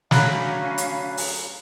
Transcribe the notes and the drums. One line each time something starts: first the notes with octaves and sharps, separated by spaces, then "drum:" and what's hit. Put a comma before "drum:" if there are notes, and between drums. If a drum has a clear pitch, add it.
D3 F#3 A3 C#4 F5 A#5 B5 F#6, drum: snare
drum: hi-hat
drum: open hi-hat